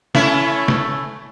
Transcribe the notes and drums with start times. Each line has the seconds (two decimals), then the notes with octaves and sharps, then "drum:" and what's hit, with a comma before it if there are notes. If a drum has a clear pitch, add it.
0.15 A3 C#4 E4, drum: snare
0.68 drum: snare